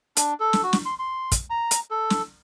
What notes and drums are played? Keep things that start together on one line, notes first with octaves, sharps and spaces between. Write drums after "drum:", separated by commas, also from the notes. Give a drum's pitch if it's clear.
D4, drum: hi-hat
A4
drum: snare
F#4
drum: snare
C6
C6
drum: kick, hi-hat
A#5
drum: hi-hat
A4
drum: snare